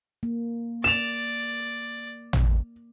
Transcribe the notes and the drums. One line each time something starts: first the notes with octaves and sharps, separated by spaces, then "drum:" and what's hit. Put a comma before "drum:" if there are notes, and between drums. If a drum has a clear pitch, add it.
A#3
D5 E7 F7
drum: tom